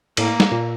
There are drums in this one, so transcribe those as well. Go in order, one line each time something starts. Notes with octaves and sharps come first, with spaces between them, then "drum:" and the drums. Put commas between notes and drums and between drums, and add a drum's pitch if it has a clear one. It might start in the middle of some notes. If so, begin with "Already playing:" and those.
A2 A#3, drum: cymbal
drum: snare
A#2